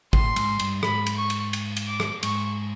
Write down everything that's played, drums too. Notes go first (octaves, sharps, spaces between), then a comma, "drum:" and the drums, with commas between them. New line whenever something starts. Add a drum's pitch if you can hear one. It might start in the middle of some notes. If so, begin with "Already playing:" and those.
A2 C6, drum: kick G#1
G#2, drum: cymbal
G2, drum: cymbal
G#2 B5, drum: rim click
drum: cymbal
C#6
drum: cymbal
drum: cymbal
drum: cymbal
D6
drum: rim click
G#2 C#6, drum: cymbal